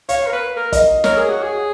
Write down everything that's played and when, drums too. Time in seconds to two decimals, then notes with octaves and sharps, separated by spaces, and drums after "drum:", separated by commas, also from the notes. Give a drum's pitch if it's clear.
0.09 C#5 F5, drum: hi-hat
0.27 A#4
0.33 B4
0.56 A#4
0.72 D#5, drum: kick, hi-hat
1.04 A#4 C#5, drum: snare
1.17 G#4
1.30 F#4
1.43 G#4